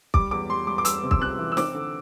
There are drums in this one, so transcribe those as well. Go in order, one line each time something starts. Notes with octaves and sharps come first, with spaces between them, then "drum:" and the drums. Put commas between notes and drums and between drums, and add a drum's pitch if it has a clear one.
G3 D6, drum: kick
E2 D6
G3 C6
G3 D6
D6
G3 E6, drum: hi-hat
C3
E6, drum: kick
C3 F#6
E3
E6
C4 D6, drum: snare
D3